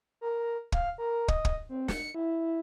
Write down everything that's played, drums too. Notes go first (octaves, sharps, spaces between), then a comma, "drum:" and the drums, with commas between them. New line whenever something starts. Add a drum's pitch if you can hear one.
A#4
F5, drum: kick
A#4
D#5, drum: kick
drum: kick
C4
C#7, drum: snare
E4